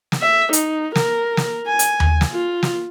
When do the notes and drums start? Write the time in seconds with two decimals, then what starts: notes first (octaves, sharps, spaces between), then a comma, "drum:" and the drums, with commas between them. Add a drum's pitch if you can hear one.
0.12 drum: snare
0.22 E5
0.53 D#4, drum: hi-hat
0.96 A#4, drum: snare
1.37 drum: snare
1.67 G#5
1.79 drum: hi-hat
2.00 drum: tom D#2
2.21 drum: snare
2.32 F4
2.63 drum: snare